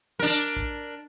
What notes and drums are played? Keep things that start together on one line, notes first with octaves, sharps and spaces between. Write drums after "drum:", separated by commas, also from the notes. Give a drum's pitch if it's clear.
D4 A#4, drum: tom
drum: hi-hat
drum: kick